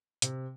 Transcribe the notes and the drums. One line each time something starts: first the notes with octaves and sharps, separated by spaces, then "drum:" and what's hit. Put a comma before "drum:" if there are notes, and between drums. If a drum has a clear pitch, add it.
C3, drum: hi-hat